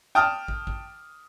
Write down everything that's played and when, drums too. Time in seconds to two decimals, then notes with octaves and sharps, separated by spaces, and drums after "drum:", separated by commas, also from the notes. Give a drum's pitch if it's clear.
0.15 G5 A5 D#6 F6
0.48 drum: kick
0.67 drum: kick